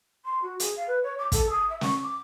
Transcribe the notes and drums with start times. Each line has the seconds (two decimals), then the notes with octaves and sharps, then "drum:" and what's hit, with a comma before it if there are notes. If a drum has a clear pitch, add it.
0.24 C6
0.42 F#4
0.60 G#4, drum: hi-hat
0.76 F5
0.87 B4
1.02 C#5
1.18 D6
1.32 A4, drum: kick, hi-hat
1.49 D#6
1.69 E5
1.81 C#6, drum: snare
2.02 D6